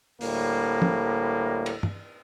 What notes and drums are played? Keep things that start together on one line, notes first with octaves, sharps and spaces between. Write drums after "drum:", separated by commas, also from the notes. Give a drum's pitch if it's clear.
D2 A2 G3 A#3, drum: open hi-hat
drum: tom
drum: cymbal
drum: tom